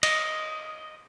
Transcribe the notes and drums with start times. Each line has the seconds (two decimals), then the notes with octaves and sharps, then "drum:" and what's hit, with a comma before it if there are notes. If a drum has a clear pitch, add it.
0.03 D#5, drum: cymbal